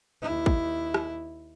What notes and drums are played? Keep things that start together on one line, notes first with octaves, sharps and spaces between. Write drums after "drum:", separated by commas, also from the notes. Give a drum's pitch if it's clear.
D#2 E4
drum: kick
drum: rim click